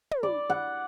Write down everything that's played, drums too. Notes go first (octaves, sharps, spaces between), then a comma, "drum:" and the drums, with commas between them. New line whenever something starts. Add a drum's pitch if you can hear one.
drum: tom
D5
F#5